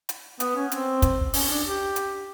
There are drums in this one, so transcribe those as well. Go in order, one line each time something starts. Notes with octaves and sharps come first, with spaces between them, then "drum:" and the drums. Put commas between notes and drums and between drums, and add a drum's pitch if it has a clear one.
drum: hi-hat
B3, drum: hi-hat
C#4
C4, drum: hi-hat
drum: kick, hi-hat
C#4, drum: open hi-hat
D4
G4
drum: hi-hat